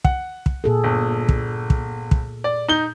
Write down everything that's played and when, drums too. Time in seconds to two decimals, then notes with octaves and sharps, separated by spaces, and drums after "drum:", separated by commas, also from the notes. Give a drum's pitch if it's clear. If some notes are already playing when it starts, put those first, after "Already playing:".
0.05 F#5, drum: kick
0.46 drum: kick
0.64 A#2 G#4 A4
0.84 G1
1.29 drum: kick
1.70 drum: kick
2.11 drum: kick
2.44 D5
2.68 D#4 G6 G7